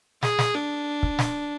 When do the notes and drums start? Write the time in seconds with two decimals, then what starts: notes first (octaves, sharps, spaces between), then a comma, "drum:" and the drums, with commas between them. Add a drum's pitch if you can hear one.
0.23 G#4, drum: snare
0.39 drum: snare
0.55 D4
1.03 drum: kick
1.19 drum: snare